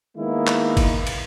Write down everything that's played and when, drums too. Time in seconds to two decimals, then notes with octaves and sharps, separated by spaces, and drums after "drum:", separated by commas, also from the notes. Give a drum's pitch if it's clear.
0.17 D#3 G#3 A#3 B3 E4
0.47 drum: clap
0.77 drum: kick G1, cymbal
1.07 drum: cymbal